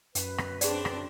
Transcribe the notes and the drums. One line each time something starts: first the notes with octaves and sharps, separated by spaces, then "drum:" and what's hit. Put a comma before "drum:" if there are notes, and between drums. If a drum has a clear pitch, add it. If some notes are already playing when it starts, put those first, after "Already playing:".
F#2 B4, drum: hi-hat
drum: rim click
C4 D4 G#4 D5, drum: hi-hat
drum: rim click